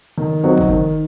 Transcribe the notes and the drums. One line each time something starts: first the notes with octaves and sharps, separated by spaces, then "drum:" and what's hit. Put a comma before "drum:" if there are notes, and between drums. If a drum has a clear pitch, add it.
D#3
F#3 C4 D#4 F#4
drum: kick G1
D#3